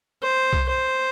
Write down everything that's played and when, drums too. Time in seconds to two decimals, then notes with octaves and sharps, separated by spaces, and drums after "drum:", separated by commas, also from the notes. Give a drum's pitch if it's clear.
0.22 C5
0.53 drum: kick C2
0.69 C5